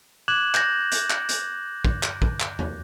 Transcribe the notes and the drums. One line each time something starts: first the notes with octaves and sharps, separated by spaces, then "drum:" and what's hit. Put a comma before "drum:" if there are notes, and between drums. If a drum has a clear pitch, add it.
D6 F#6 G#6 E7 F#7
G6 A#6, drum: clap
drum: hi-hat
drum: clap
drum: hi-hat
drum: kick
drum: clap
drum: kick
drum: clap
drum: tom